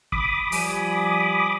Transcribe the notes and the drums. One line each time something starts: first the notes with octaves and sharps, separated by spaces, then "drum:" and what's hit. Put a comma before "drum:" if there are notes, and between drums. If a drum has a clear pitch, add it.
B5 D6 D#6, drum: kick
F3 G3 G#5, drum: open hi-hat